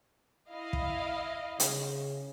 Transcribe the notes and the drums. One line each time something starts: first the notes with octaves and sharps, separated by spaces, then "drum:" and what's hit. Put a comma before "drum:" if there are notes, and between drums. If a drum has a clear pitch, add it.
E4 D#5 F5
drum: kick
C#3, drum: hi-hat